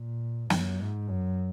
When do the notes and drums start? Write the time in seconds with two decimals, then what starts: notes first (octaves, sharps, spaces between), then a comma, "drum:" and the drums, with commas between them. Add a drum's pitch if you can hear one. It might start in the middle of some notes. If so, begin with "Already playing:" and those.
Already playing: A#2
0.50 F#2, drum: snare
0.80 G#2
1.09 F#2